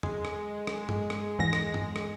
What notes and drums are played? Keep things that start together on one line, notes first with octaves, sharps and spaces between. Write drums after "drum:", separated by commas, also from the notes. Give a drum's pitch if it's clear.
G#3, drum: tom E2
drum: rim click
drum: rim click
drum: tom G2
drum: rim click
E2 G#2 A#6
drum: rim click
drum: tom G2
drum: rim click